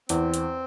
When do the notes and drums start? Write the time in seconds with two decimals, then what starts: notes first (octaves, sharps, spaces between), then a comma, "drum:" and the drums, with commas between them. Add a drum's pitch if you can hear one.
0.09 E2 C4, drum: hi-hat
0.34 drum: hi-hat